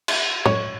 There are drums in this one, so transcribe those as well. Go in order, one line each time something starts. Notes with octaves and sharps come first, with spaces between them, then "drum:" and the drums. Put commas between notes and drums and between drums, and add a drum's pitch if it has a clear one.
drum: cymbal
C#5, drum: tom A2